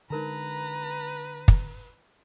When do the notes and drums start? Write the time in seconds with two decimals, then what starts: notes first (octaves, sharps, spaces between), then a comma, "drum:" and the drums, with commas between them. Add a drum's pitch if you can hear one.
0.10 D3 G#3 D#4 A#4 B4 A5 A#5
1.48 drum: kick